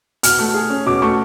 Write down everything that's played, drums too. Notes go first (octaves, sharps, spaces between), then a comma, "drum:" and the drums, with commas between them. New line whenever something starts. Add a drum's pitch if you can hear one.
B2 F6, drum: hi-hat
A3
G#4
C#4
B2 D6
A3 C#6